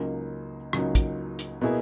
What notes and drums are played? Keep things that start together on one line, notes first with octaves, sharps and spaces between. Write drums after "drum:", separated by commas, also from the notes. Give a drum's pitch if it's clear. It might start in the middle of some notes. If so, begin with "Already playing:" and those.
Already playing: C#2 C#3 F#3 A#3 D#4
C#2 C#3 F#3 A#3 D#4, drum: rim click
drum: kick, hi-hat
drum: hi-hat
B2 A#3 E4 G#4